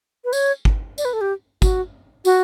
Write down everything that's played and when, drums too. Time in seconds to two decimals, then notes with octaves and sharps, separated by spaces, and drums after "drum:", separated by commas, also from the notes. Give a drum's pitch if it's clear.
0.25 B4
0.33 C#5, drum: tambourine
0.65 drum: kick
0.98 D5, drum: tambourine
1.05 B4
1.13 A4
1.21 G4
1.62 F#4, drum: kick, tambourine
2.25 F#4, drum: tambourine